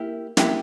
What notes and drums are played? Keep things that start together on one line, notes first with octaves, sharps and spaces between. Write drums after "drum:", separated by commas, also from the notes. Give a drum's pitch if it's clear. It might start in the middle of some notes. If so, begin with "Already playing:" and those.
Already playing: A#3 E4 G4
A#3 E4 G4, drum: snare